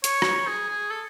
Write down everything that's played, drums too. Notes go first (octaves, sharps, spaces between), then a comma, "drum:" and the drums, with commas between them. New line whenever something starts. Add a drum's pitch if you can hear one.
C#5, drum: hi-hat
drum: rim click
G#4
G#4
A4